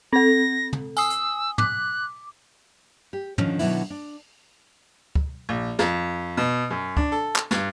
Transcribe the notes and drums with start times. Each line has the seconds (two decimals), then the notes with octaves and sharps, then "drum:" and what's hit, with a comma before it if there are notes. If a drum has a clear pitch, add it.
0.13 C4 A4 A#6
0.73 drum: tom
0.97 G#5 D#6 E6, drum: tambourine
1.10 drum: hi-hat
1.58 D6 F#6, drum: tom
3.13 G4
3.38 D3 D#3 F3 C#4, drum: tom
3.59 B2 D#3 F#3 B3 D4 E4, drum: open hi-hat
3.90 D4
5.15 drum: kick
5.49 A#1
5.79 F2, drum: snare
6.37 B2
6.70 F#2
6.97 D4, drum: kick
7.12 A4
7.36 drum: clap
7.51 G2, drum: snare